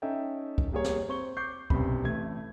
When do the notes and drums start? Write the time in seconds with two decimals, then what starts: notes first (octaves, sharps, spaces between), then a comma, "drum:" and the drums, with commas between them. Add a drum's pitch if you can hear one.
0.02 C#4 D#4 A4 E5 G5
0.58 drum: kick
0.72 G3 A#3 G#4 C#5
0.84 drum: snare
1.09 C4 C#6 G7
1.37 C#6 D6 G6 C7
1.70 B1 F#2 C3 B5, drum: kick
2.04 A1 A3 G#6